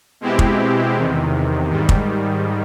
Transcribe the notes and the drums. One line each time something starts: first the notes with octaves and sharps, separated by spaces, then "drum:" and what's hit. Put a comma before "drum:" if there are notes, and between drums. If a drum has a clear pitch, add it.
B2 G#3 C4 E4 G4
drum: kick
E2 C3 D#3
G#2 D#3 G3
drum: kick